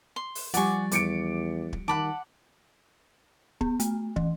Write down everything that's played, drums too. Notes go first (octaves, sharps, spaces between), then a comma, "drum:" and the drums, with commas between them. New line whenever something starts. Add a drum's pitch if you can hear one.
C6
drum: open hi-hat
F3 G3 D5 F#5 G#5 C#6, drum: hi-hat
E2 D6 C#7 D7, drum: hi-hat
drum: kick
D#3 F#5 A5 B5 D6
B3, drum: kick
A3, drum: hi-hat
E3, drum: kick